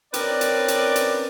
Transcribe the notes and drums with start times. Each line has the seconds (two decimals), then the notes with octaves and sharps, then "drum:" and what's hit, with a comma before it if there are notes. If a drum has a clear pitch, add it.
0.14 C4 C#4 A#4 B4 D5, drum: hi-hat
0.41 drum: hi-hat
0.68 drum: hi-hat
0.96 drum: hi-hat